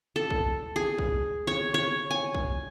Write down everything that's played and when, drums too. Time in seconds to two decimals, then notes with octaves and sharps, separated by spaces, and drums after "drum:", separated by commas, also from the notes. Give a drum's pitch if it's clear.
0.16 A4
0.30 drum: kick
0.76 G#4
0.98 drum: kick
1.47 C#5
1.74 C#5
2.11 G#5
2.35 drum: kick